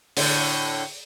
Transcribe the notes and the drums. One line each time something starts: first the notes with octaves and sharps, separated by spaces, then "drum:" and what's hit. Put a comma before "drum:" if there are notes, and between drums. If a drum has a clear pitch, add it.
A2 D3, drum: open hi-hat